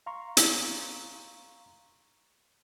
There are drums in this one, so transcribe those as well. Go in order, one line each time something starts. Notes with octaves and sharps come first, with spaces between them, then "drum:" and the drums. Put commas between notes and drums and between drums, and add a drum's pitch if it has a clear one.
F5 A#5 C6 C#6
drum: hi-hat